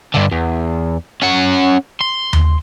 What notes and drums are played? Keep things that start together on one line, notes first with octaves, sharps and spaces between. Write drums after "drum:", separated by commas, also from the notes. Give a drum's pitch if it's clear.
G2 D3
E2
C#4 F#5
C6
drum: tom D#2